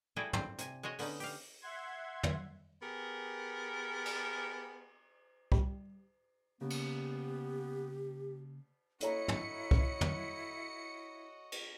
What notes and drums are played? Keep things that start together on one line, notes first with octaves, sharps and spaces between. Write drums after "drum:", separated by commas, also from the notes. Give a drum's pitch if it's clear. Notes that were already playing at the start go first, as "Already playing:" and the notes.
G3 E4 F#4 G#4 A4 G5
G3 C4, drum: tom
C3 G#5, drum: hi-hat
G#3 F#4 C#5 D#5
D3 B3 C#4 D#4, drum: open hi-hat
G4 F5, drum: open hi-hat
E5 F#5 C6 G#6
drum: tom
B3 G4 G#4 A#4
drum: cymbal
G3, drum: kick
C#3 A#3 B3 G4
drum: cymbal
E4 F#4 A4 C#5 D#5 A#5 C#7, drum: hi-hat
drum: tom
drum: kick
drum: tom
drum: cymbal